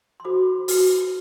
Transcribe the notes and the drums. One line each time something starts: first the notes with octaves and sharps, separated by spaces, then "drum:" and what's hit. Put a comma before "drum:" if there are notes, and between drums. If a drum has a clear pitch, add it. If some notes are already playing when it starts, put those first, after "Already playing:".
C6
F#4 A4 C5 B5 D6
F#4 B4, drum: open hi-hat